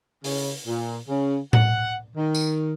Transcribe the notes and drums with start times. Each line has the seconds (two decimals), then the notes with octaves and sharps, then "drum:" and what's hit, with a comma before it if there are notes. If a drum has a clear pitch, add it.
0.24 C#3, drum: open hi-hat
0.67 A#2
1.08 C#3
1.53 F#5, drum: tom A2
2.16 D#3
2.35 drum: tambourine